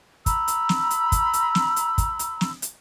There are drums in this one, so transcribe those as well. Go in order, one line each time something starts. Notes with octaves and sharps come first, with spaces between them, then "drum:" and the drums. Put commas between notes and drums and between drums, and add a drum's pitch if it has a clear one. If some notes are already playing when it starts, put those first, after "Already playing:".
A#5 B5 E6, drum: kick, hi-hat
drum: hi-hat
drum: snare
drum: hi-hat
drum: kick, hi-hat
drum: hi-hat
drum: snare
drum: hi-hat
drum: kick, hi-hat
drum: hi-hat
drum: snare
drum: hi-hat